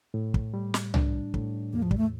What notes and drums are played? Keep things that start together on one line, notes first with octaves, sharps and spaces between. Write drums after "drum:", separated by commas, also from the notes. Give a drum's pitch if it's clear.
A2
drum: kick
G3
drum: snare
D4, drum: tom C2
A2, drum: kick
E2 A#3
F3
G3, drum: kick
A3